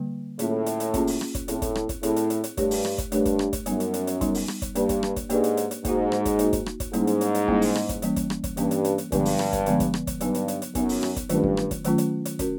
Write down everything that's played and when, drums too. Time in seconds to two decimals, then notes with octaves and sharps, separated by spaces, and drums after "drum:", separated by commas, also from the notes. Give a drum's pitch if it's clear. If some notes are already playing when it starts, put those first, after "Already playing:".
Already playing: D3 G3 A#3
0.39 A2 A#3 C#4 F4 G#4, drum: hi-hat
0.66 drum: hi-hat
0.80 drum: hi-hat
0.94 A#3 C#4 F4 G#4, drum: kick, hi-hat
1.07 drum: open hi-hat
1.21 drum: rim click
1.35 drum: kick, hi-hat
1.48 A2 C4 E4 G#4, drum: hi-hat
1.62 drum: kick, hi-hat
1.75 drum: rim click
1.89 drum: kick, hi-hat
2.03 A2 C4 E4 G#4, drum: hi-hat
2.16 drum: hi-hat
2.30 drum: hi-hat
2.44 drum: hi-hat
2.57 G2 A3 D4 G4 A#4 C#5, drum: kick, hi-hat
2.71 drum: open hi-hat
2.85 drum: rim click
2.98 drum: kick, hi-hat
3.12 G2 A3 D4 G4 A#4 C#5, drum: hi-hat
3.25 drum: kick, hi-hat
3.39 drum: rim click
3.53 drum: kick, hi-hat
3.66 F#2 G3 B3 D#4, drum: hi-hat
3.80 drum: hi-hat
3.94 drum: hi-hat
4.07 drum: hi-hat
4.21 G3 B3 D#4, drum: kick, hi-hat
4.35 drum: open hi-hat
4.48 drum: rim click
4.62 drum: kick, hi-hat
4.75 G2 A#3 D4 G4 B4 D5, drum: hi-hat
4.89 drum: kick, hi-hat
5.03 drum: rim click
5.16 drum: kick, hi-hat
5.30 G#2 A#3 D4 G4 B4 D5, drum: hi-hat
5.44 drum: hi-hat
5.57 drum: hi-hat
5.71 drum: hi-hat
5.85 G#2 A#3 D#4 F#4, drum: kick, hi-hat
6.12 drum: rim click
6.25 drum: kick, hi-hat
6.39 A#3 D#4 F#4, drum: hi-hat
6.53 drum: kick, hi-hat
6.66 drum: rim click
6.80 drum: kick, hi-hat
6.93 G#2 G3 A#3 C#4 E4, drum: hi-hat
7.07 drum: hi-hat
7.21 drum: hi-hat
7.35 drum: hi-hat
7.48 G3 A#3 C#4 E4, drum: kick
7.62 drum: open hi-hat
7.75 drum: rim click
7.89 drum: kick, hi-hat
8.02 E3 G3 A#3 C#4, drum: hi-hat
8.16 drum: kick, hi-hat
8.30 drum: rim click
8.44 drum: kick, hi-hat
8.57 G2 E3 G3 A#3 C#4, drum: hi-hat
8.71 drum: hi-hat
8.85 drum: hi-hat
8.98 drum: hi-hat
9.12 G2 D3 F3 G#3 B3, drum: kick, hi-hat
9.25 drum: open hi-hat
9.39 drum: rim click
9.53 drum: kick, hi-hat
9.66 D3 F3 G#3 B3, drum: hi-hat
9.80 drum: kick, hi-hat
9.94 drum: rim click
10.07 drum: kick, hi-hat
10.21 G2 F#3 B3 D#4, drum: hi-hat
10.35 drum: hi-hat
10.48 drum: hi-hat
10.62 drum: hi-hat
10.75 F#2 F#3 B3 D#4, drum: kick, hi-hat
10.89 drum: open hi-hat
11.03 drum: rim click
11.16 drum: kick, hi-hat
11.29 G2 D#3 F#3 A3 C#4 F4, drum: hi-hat
11.44 drum: kick
11.57 drum: rim click
11.71 drum: kick, hi-hat
11.84 D#3 F#3 A3 C#4 F4, drum: hi-hat
11.98 drum: hi-hat
12.25 drum: hi-hat
12.39 C#4 F#4 A#4, drum: kick, hi-hat